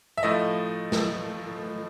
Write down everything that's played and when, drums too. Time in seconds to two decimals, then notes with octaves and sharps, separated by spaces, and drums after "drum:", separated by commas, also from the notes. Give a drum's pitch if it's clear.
0.17 E5
0.23 A2 F3 A3 D#5
0.92 drum: snare